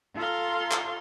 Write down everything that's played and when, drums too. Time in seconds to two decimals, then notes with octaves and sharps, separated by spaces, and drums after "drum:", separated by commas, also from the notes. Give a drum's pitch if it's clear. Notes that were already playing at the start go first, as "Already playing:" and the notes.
0.16 F4 A4 F5 A#5 C6
0.72 drum: clap